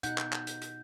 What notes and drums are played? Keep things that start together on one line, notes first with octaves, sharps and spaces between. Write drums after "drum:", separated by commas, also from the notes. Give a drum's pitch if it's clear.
B2 D#4 F#5 G6, drum: hi-hat
drum: clap
drum: clap
drum: hi-hat
drum: hi-hat